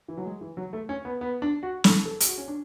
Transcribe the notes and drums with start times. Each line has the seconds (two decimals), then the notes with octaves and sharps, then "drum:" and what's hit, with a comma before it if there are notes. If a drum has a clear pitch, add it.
0.08 E3
0.18 F#3
0.25 G#3
0.41 E3
0.57 F#3
0.73 A3
0.89 C#4
1.05 B3
1.21 B3
1.42 D4
1.63 F#4
1.84 A4, drum: snare
2.05 A4
2.20 G#4, drum: hi-hat
2.27 F#4
2.38 C#4
2.48 D4